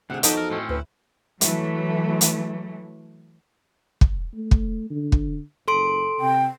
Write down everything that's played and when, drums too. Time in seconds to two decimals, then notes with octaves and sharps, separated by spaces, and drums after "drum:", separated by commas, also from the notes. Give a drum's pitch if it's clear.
0.10 D2 C3 E4 G#4 F#5
0.23 E2 F3 F#3 D#4 F#4 G4 A4 D#5, drum: hi-hat
0.37 A#4
0.50 A2 C4 C#4
0.69 D2 E4 B4
1.41 E3 F#3 A3, drum: hi-hat
2.21 drum: hi-hat
4.01 drum: kick
4.34 A3
4.51 drum: kick
4.90 D3
5.12 drum: kick
5.68 F#1 A4 C6 D7
6.20 C3 G5